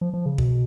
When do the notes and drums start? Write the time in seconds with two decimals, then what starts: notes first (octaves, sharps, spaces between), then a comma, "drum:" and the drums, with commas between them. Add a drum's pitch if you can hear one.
0.01 F3
0.14 F3
0.26 C#3
0.38 B2, drum: kick